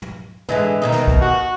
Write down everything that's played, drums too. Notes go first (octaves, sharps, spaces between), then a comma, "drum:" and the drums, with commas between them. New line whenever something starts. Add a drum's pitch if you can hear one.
drum: tom
D3 E3 G#3 B4 D#5 E5, drum: tom
B2 D#3 D#4
drum: snare
drum: kick
F#4